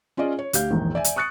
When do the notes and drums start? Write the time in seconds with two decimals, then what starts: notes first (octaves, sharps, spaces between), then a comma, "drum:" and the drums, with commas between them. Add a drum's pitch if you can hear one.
0.17 C#4 F4 G#4 D5 D#5
0.39 C#5
0.53 D2 G4 F5 G6, drum: hi-hat
0.70 E1 A#1 E2 G#2 D#3
0.95 D5 E5 G#5
1.04 drum: hi-hat
1.16 C#6 D#6 F#6 A6 C#7